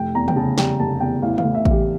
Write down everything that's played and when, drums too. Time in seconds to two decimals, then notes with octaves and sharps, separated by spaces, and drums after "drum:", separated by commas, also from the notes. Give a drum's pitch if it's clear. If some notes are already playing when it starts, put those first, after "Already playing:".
Already playing: F1 G5
0.15 E2 A#5
0.28 G5, drum: tom
0.36 C#3 A5
0.58 G3 G5, drum: snare
0.80 F1 A5
1.00 E2 G5
1.22 A1 F5
1.38 F5, drum: tom
1.44 A2
1.55 E5
1.65 E3, drum: kick A1
1.71 G4